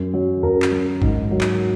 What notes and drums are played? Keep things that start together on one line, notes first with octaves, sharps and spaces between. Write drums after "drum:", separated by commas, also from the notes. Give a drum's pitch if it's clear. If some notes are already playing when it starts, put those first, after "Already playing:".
Already playing: F#2
F#3
F#2 A#4
drum: clap
F#3
G#2, drum: kick
F#3
drum: clap